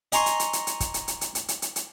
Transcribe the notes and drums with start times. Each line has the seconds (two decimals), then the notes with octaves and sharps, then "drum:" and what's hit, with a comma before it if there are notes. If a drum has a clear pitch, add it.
0.12 D#5 G#5 A#5 C6 C#6, drum: hi-hat
0.26 drum: hi-hat
0.40 drum: hi-hat
0.53 drum: hi-hat
0.67 drum: hi-hat
0.80 drum: kick, hi-hat
0.94 drum: hi-hat
1.08 drum: hi-hat
1.21 drum: hi-hat
1.35 drum: hi-hat
1.48 drum: hi-hat
1.62 drum: hi-hat
1.76 drum: hi-hat